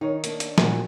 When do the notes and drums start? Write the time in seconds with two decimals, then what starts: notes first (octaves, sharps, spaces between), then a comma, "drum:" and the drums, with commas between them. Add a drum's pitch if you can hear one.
0.01 D#3 D#4 C#5
0.24 A#3 D4, drum: hi-hat
0.40 drum: hi-hat
0.58 A#2 F#4, drum: snare